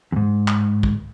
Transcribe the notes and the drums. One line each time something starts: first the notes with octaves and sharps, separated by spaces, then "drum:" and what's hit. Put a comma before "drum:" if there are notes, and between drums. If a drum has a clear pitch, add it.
E2 G#2
drum: clap
drum: kick